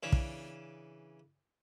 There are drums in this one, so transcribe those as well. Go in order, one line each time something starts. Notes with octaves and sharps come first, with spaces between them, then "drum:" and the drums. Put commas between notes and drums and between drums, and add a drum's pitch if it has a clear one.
C#3 E3 D4
drum: kick